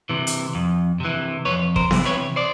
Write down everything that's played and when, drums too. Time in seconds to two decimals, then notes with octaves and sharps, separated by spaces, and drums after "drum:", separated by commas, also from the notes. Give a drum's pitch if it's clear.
0.09 C3 E3
0.27 drum: hi-hat
0.55 F2
1.00 C3 E3
1.45 F2 B4 C#5
1.76 A#4 C5, drum: kick
1.91 C3 E3, drum: snare B3
2.05 B4 C#5
2.36 C5 D5